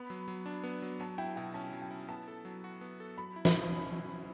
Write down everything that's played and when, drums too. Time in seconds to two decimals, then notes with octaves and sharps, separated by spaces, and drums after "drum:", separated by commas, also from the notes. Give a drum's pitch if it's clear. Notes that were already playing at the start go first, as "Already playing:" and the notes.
Already playing: B3 B5
0.10 F#3
0.28 F#3
0.46 D4
0.64 B3
0.82 F#3
1.00 F#3 A5
1.18 E4 G5
1.36 B2 G5
1.54 C#4 A5
1.73 F#3
1.82 G5
1.91 E4
2.09 B3 A5
2.28 A4
2.45 F#3
2.64 F#4
2.81 B3
3.00 A4
3.18 F#3 B5
3.36 E4
3.45 B5, drum: snare
3.54 B2
3.72 C#4
3.90 F#3
4.09 E4